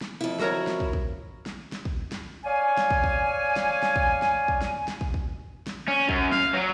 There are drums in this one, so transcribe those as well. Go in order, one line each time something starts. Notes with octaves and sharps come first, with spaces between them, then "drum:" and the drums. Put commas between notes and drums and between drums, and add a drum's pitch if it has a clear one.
drum: snare
F2 E4
F#4 A#4 C#5, drum: snare
drum: snare
drum: kick
drum: kick
drum: snare
drum: snare
drum: kick
drum: snare
C#5 D5 F5 G#5
drum: snare
drum: kick
drum: kick
drum: snare
drum: snare
drum: kick
drum: snare
drum: kick
drum: snare
drum: snare
drum: kick
drum: kick
drum: snare
C#4
F#2, drum: kick
F5, drum: snare
F#3